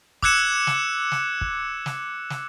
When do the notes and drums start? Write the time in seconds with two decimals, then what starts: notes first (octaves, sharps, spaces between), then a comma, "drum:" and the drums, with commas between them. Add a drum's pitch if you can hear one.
0.23 D6 E6 F#6 G#6 C#7 E7, drum: kick
0.67 drum: snare
1.12 drum: snare
1.41 drum: kick
1.86 drum: snare
2.30 drum: snare